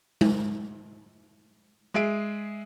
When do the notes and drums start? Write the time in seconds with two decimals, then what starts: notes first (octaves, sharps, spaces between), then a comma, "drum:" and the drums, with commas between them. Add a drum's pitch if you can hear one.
0.21 drum: tom G#3
1.94 G#3 G#4 E5 D7